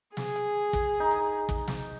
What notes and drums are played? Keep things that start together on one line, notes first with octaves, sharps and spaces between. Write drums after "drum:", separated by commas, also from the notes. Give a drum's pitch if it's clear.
G#4, drum: snare
drum: hi-hat
drum: kick, hi-hat
D#4
drum: hi-hat
drum: kick, hi-hat
drum: snare